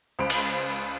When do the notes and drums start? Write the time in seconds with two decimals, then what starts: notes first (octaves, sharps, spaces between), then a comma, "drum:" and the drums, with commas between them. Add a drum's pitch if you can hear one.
0.19 C#2 C5 B5 D7
0.30 drum: cymbal